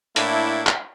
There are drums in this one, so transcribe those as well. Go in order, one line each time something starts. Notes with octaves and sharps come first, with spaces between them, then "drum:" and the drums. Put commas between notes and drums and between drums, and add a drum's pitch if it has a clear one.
A2 A3 A#3 D4 E4, drum: hi-hat
drum: clap